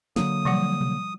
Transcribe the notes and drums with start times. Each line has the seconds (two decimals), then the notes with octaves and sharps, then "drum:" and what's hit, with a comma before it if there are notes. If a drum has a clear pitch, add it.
0.16 D3 F#3 A#3 D#6, drum: snare
0.45 F3 G3 F#5, drum: tom B2
0.81 drum: tom B2